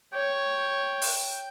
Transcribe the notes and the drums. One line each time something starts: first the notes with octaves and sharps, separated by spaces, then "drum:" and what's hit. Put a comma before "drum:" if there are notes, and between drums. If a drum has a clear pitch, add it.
C#5 G5
drum: open hi-hat